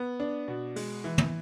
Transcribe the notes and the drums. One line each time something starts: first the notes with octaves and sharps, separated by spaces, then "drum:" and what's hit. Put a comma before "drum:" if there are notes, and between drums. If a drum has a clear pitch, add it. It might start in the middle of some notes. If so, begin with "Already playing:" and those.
Already playing: B3
D4
B2
G#3, drum: open hi-hat
E3
drum: tom